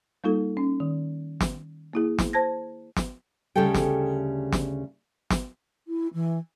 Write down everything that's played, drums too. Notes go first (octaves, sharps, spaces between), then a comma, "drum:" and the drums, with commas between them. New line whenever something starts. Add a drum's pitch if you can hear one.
G3 A#3 D#4 F4 A4
C#4
D#3
drum: snare
A#3 E4 G#4
drum: snare
C5 A5 G#6 A#6
drum: snare
D2 C#3 G3 G4 A4 G5
drum: snare
drum: snare
drum: snare
E4
E3